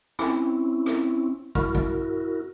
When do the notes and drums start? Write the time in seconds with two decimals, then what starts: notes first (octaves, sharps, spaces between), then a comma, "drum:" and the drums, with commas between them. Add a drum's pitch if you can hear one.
0.19 C4 C#4 E4, drum: rim click
0.86 drum: rim click
1.55 E4 F#4 A#4, drum: kick
1.75 drum: kick